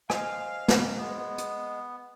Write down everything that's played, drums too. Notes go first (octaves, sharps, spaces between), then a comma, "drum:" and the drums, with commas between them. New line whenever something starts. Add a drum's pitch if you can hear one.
C5 D#5 F5 G#5, drum: rim click
drum: snare
G#3 B3
drum: hi-hat